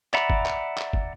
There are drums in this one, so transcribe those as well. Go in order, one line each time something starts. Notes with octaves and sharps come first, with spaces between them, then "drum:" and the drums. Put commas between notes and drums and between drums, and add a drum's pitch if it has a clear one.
D5 E5 F#5 A#5 B5, drum: clap
drum: kick
drum: clap
drum: clap
drum: kick